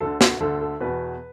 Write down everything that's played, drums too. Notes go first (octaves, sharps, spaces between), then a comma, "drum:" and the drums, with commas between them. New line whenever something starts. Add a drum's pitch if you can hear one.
D2 D3 A4
F#4, drum: snare
D2 D3 A4
A4
E2 B2 B4